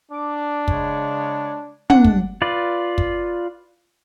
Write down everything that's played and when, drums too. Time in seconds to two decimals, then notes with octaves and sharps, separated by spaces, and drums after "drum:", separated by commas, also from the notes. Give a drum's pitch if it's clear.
0.11 D4 D6
0.68 C#3 G#3 C#5, drum: kick
1.90 D4 F#5, drum: tom
2.04 drum: kick
2.42 F4 B4 D5
2.98 drum: kick